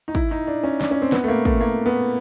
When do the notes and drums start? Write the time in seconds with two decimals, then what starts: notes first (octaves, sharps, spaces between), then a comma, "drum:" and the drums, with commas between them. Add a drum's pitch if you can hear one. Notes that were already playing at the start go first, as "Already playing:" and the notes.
0.08 D#4
0.15 E4, drum: kick
0.31 D#4
0.47 D4
0.63 C#4
0.81 D4, drum: snare
0.91 C#4
1.02 C4
1.12 B3, drum: snare
1.24 A3
1.28 A#3
1.45 A3, drum: kick
1.61 A#3
1.86 B3